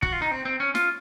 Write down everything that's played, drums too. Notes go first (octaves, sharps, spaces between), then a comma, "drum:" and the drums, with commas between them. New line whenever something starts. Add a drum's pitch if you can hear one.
F#4, drum: kick
F4
D#4
C4
C4
C#4
F4, drum: snare